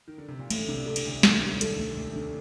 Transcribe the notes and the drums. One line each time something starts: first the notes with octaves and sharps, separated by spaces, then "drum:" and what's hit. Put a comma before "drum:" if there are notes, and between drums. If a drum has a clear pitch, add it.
D#3
D3
C3
A#2
A1 A2 A3, drum: cymbal
C2 C3 D4
C2 C3 A4
drum: cymbal
D2 D3 A3
D#3 A3, drum: snare
D3
D#2 D#3 D4
A4, drum: hi-hat
A3
A3
D4